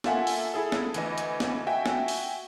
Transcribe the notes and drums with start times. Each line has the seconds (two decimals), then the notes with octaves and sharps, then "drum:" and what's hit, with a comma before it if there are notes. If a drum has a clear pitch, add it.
0.04 A#3 F4 A4 E5 F#5 G#5, drum: snare
0.27 drum: open hi-hat
0.54 E4 G#4 A4
0.72 drum: snare
0.94 D2 E3 D#5, drum: hi-hat
1.18 drum: hi-hat
1.40 drum: snare
1.67 F#4 E5 G5 G#5
1.86 drum: snare
2.08 drum: open hi-hat